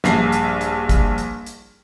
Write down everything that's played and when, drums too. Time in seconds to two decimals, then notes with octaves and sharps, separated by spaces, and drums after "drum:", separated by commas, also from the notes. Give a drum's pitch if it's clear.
0.04 A#1 G2 C7, drum: snare
0.32 drum: hi-hat
0.61 drum: hi-hat
0.89 drum: kick, hi-hat
1.18 drum: hi-hat
1.46 drum: hi-hat